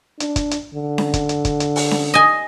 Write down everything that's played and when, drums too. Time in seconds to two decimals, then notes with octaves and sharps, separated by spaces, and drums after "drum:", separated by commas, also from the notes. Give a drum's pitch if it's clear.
0.20 D4, drum: hi-hat
0.36 drum: kick, hi-hat
0.51 drum: hi-hat
0.75 D3
0.98 drum: snare C#4
1.14 drum: kick, hi-hat
1.29 drum: hi-hat
1.45 drum: kick, hi-hat
1.60 drum: hi-hat
1.76 drum: open hi-hat
1.91 drum: snare C#4
2.14 D#5 G#5